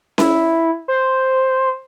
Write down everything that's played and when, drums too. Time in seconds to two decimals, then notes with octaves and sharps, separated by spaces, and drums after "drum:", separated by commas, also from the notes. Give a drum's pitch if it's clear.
0.18 E4, drum: snare C#4
0.88 C5